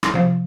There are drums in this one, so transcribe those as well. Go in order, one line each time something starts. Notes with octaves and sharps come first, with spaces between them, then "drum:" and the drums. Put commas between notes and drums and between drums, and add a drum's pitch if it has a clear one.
drum: rim click
C3 F3